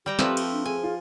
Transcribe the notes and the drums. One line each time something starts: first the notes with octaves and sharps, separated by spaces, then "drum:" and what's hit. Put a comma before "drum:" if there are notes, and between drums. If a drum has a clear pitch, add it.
G3 G4 G5 A#5
F3 A3 C4 B4, drum: snare
drum: cymbal
D4
G#4 G#5
F4